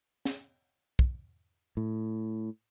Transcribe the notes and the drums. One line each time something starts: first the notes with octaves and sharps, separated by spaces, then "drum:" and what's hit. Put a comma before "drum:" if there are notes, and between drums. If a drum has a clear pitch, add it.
drum: snare
drum: kick
A2